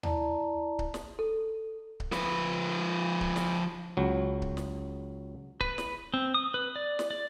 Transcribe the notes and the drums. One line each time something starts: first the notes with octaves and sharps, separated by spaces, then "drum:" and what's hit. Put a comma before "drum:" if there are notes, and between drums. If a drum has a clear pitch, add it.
E4 D5 A5 A#5, drum: tom D#2
drum: kick C#1
drum: snare
A4
drum: kick C#1
F3 B4, drum: snare
drum: kick C#1
drum: snare
C#2 F#3
drum: kick C#1
drum: snare
B4, drum: kick C#1
drum: snare
C4
D#6
B4
D5
drum: snare
D5